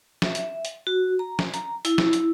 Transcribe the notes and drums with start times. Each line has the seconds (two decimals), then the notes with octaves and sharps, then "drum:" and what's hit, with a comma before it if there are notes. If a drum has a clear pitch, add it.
0.22 E5, drum: snare
0.35 drum: hi-hat
0.65 drum: hi-hat
0.87 F#4
1.19 A#5
1.39 drum: snare
1.54 A#5, drum: hi-hat
1.85 E4, drum: hi-hat
1.98 drum: snare
2.13 drum: hi-hat